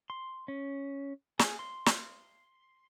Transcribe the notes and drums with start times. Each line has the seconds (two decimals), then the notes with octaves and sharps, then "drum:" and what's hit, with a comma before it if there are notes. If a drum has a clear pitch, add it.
0.10 C6
0.48 C#4
1.39 G#4, drum: snare
1.59 C6
1.86 drum: snare